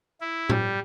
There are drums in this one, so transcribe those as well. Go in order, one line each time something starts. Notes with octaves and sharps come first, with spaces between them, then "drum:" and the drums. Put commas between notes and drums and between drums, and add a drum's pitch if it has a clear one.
E4
G3, drum: tom A2